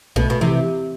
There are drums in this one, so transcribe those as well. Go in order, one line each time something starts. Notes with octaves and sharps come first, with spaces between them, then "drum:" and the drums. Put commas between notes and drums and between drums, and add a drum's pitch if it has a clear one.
B2 A3, drum: kick B1
B2
C3 E3